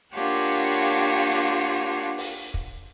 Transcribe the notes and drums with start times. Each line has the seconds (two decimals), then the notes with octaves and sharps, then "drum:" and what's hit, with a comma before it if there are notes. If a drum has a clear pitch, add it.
0.14 A#3 D4 F4 G4 C#5 F#5
1.30 drum: hi-hat
2.18 drum: open hi-hat
2.54 drum: kick